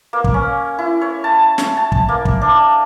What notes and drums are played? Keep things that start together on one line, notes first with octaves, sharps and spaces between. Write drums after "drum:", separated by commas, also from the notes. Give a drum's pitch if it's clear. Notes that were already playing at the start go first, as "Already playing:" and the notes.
A#3
drum: kick
C#4
E4
C#5
A5
C#5, drum: snare
A5
drum: kick
A#3
drum: kick
D4